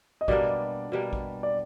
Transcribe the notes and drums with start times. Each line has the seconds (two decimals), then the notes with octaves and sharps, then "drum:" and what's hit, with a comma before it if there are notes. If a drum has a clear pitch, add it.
0.21 D#5
0.28 B2 G3 A#3 D4 D5, drum: kick A#1
0.92 B2 G3 A#3 D4
1.13 drum: kick A#1
1.43 D5